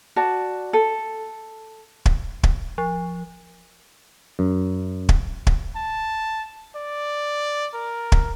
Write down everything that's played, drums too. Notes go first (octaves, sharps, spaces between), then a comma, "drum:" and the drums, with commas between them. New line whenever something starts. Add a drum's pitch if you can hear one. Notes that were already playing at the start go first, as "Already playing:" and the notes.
F#4 D5 A5
A4
drum: kick
drum: kick
F3
F#2
drum: kick
drum: kick
A5
D5
A#4
drum: kick